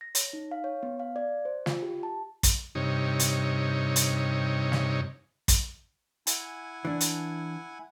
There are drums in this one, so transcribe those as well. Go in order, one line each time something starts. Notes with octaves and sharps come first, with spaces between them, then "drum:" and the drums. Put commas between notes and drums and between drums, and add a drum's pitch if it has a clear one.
A#6
C#5, drum: hi-hat
D#4
F5
C#5
B3
F5
D5
C5
F4, drum: snare
G4
A5
drum: kick, hi-hat
G2 C3 D#4 C#5
drum: hi-hat
drum: hi-hat
drum: snare
drum: kick, hi-hat
E4 F#5 G#5, drum: hi-hat
E3 D4
drum: hi-hat